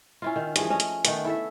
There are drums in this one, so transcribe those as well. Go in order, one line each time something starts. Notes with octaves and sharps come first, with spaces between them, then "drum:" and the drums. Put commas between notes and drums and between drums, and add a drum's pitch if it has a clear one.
C#4 E4 F4
D#3
G2 E3 F3 G#4, drum: hi-hat
A3 C#4 D#5
drum: hi-hat
D#3 A3 B3, drum: hi-hat
E4 A4 E5